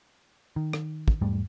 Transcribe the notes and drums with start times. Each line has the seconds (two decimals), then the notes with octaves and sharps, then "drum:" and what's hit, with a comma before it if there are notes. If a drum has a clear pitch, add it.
0.56 D#3
0.73 drum: rim click
1.08 drum: kick
1.21 E2 G#2 G3 A3